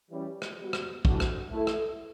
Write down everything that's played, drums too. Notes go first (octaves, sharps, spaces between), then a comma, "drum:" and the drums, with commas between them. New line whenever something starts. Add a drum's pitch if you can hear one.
E3 G3 C#4 G4
drum: rim click
G3 B3 F#4
drum: rim click
A2 E3 G3 D4 F#4, drum: kick
drum: rim click
A3 E4 A4
drum: rim click